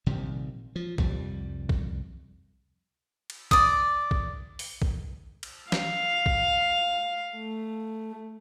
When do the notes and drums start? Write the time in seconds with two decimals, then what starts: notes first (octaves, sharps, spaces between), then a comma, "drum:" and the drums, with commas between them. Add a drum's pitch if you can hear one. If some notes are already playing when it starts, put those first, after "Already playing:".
0.06 A#1 C3 D#3 G3
0.76 F3
0.98 C2 F2 G3, drum: kick A#1
1.69 drum: kick A#1
3.30 drum: cymbal
3.51 D5 D#6, drum: kick A#1
4.11 drum: kick A#1
4.59 drum: open hi-hat
4.82 drum: kick A#1
5.43 drum: cymbal
5.72 F5, drum: snare
6.26 drum: kick A#1
7.36 A3